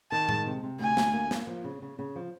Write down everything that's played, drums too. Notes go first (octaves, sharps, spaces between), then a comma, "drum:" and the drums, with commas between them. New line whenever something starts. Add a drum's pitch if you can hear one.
D#3 A5
G#3, drum: tom A2
C3
C3
D2 G#5
D2, drum: snare
A#3
A#3, drum: snare
F3
C#3
C#3
C#3
F3